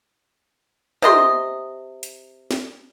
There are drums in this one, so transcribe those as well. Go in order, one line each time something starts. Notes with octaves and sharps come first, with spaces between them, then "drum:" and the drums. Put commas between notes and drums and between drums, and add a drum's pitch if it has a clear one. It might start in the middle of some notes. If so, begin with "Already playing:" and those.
C3 D#5 C6, drum: tom
drum: hi-hat
drum: snare